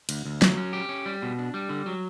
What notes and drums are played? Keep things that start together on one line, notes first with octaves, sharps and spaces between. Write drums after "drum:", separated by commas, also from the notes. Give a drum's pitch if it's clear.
D2, drum: cymbal
D2
F#3, drum: snare
C#4
G4
C#4
G3
B2
D4
G3
D3
F#3